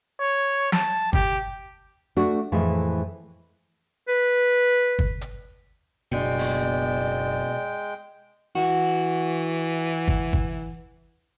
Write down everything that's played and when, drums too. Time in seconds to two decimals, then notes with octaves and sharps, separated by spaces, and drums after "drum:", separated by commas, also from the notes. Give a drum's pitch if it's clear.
0.20 C#5
0.72 A5, drum: snare
1.13 G4, drum: kick
2.16 A3 D4 F#4
2.52 F2 A2 E3 G#3
4.08 B4
4.99 drum: kick
5.21 drum: hi-hat
6.12 F#1 B2 G#3 B3 D4 D5 G5
6.39 drum: open hi-hat
8.55 E3 F#4
10.08 drum: kick
10.33 drum: kick